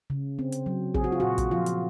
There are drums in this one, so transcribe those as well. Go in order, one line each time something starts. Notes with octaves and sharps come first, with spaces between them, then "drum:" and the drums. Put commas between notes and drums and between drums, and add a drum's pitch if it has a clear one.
C#3
C4
drum: hi-hat
F#3
C4 G#4, drum: kick
F#4
F4
A#2 F#4
drum: kick, hi-hat
F3 F4
drum: hi-hat